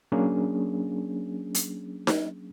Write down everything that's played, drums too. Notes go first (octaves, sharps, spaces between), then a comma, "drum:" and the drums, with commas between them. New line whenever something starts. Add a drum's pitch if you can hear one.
F#3 A#3 C#4 D4 G#4
drum: hi-hat
drum: snare D#4